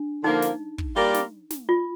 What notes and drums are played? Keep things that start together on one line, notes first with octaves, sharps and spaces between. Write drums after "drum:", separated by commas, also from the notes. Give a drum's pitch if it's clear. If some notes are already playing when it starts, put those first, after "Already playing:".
Already playing: D4
D3 F3 A#3 D#4
drum: snare
drum: kick
G3 A#3 F4 A#4 D5
drum: snare
drum: snare
F4